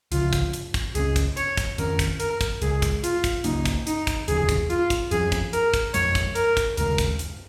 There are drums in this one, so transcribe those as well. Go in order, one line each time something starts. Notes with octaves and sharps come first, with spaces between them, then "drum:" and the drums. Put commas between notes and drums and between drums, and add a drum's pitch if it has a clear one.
C#2 C#3 F3 F4, drum: hi-hat
drum: kick, hi-hat
drum: hi-hat
drum: kick, hi-hat
C#2 C#3 G#3 C#4 G#4, drum: hi-hat
drum: kick, hi-hat
C#5, drum: hi-hat
drum: kick, hi-hat
F2 D#3 C#4 A#4, drum: hi-hat
drum: kick, hi-hat
A#4, drum: hi-hat
drum: kick, hi-hat
C#2 C#3 G#3 G#4, drum: hi-hat
drum: kick, hi-hat
F4, drum: hi-hat
drum: kick, hi-hat
C#2 C#3 A#3 C#4 D#4, drum: hi-hat
drum: kick, hi-hat
D#4, drum: hi-hat
drum: kick, hi-hat
F1 D#2 C#3 F3 G#4, drum: hi-hat
drum: kick, hi-hat
F4, drum: hi-hat
drum: kick, hi-hat
F2 F3 C#4 G#4, drum: hi-hat
drum: kick, hi-hat
A#4, drum: hi-hat
drum: kick, hi-hat
F2 F3 G#3 C#5, drum: hi-hat
drum: kick, hi-hat
A#4, drum: hi-hat
drum: kick, hi-hat
D#2 C#3 G#3 A#4, drum: hi-hat
drum: kick, hi-hat
drum: hi-hat